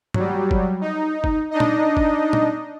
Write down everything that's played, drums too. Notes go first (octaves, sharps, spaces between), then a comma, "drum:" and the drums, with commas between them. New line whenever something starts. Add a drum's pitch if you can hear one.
F#3 G3, drum: tom G2
drum: kick
D#4
drum: kick
D4 D#4 D#5
drum: tom A#2
drum: kick
drum: tom A#2